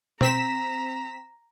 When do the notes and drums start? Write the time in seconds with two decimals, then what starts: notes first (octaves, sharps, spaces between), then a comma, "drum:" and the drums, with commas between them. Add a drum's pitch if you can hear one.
0.21 C4 A#5 B6 E7, drum: tom